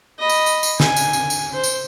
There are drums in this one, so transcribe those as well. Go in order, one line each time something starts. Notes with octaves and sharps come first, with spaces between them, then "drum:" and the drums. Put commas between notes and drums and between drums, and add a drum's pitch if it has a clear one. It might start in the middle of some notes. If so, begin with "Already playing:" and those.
D#5 B5
drum: tambourine
drum: tambourine
drum: tambourine
G#5, drum: snare
drum: tambourine
drum: tambourine
drum: tambourine
C5
drum: tambourine